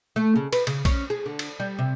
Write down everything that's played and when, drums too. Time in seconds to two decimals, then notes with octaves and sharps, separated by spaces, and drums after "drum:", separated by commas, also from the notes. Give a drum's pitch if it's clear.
0.16 A3
0.36 C#3
0.53 B4, drum: cymbal
0.67 C#3, drum: cymbal
0.85 C#4, drum: kick A#1, cymbal
1.10 G#4
1.26 D3
1.39 drum: cymbal
1.60 G3
1.79 C3